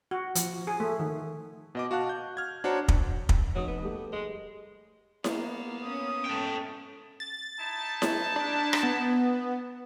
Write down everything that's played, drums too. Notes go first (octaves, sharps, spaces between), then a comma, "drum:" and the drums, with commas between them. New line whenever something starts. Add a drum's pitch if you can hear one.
F#4
F3, drum: hi-hat
G#4
A3
D#3
B2 D#5 D6
F#4 F5 A5 F#6
G6
F6 G#6
D4 F#4 C5 C#5 A#5
drum: kick
drum: kick
F1 F#3 D#6
B3
G3 A3 G4
G#3
A#3 B3, drum: snare E4
C#4 D#6
A4 G5
A6
D#4 E4 A5
drum: snare E4
D4
drum: rim click
B3